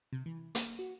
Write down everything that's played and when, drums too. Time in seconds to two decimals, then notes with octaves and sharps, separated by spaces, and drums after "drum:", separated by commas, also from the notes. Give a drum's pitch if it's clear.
0.13 C3
0.26 E3
0.55 A#3, drum: hi-hat
0.79 F#4